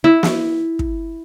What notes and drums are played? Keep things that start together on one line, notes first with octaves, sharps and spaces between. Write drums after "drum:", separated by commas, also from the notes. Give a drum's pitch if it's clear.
E4
drum: snare
drum: kick